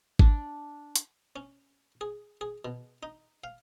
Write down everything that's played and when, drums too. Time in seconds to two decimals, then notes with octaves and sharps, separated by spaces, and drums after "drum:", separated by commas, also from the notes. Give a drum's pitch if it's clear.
0.19 D4, drum: kick G#1
0.96 drum: hi-hat
1.36 C#4
2.01 G#4
2.41 G#4
2.65 B2
3.03 D#4
3.44 F5